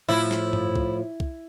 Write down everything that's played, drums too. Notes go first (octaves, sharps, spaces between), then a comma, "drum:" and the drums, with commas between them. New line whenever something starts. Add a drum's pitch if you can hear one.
A2 F3 E4
drum: snare
drum: tom G2
drum: kick
drum: kick